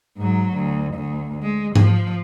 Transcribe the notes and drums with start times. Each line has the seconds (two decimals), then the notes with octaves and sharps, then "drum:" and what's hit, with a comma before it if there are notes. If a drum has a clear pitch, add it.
0.17 G#2 F#3
0.53 D2
0.94 D2
1.43 G#3
1.76 F3, drum: tom G#2